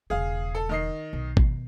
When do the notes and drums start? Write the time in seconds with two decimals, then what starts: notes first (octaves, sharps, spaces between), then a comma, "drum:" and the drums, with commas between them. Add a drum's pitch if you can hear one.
0.10 E1 C#3 G#4 F5
0.55 A4
0.69 D#3 D#5 C7
1.13 B1
1.37 B2 D#3, drum: kick